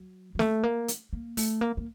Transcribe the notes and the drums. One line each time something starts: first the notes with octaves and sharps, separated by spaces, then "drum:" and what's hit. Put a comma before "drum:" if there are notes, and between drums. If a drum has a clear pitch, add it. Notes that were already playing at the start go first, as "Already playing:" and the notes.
Already playing: F#3
F#3
A3, drum: snare
A#3
drum: hi-hat
A#3
A3, drum: open hi-hat
A#3
A#3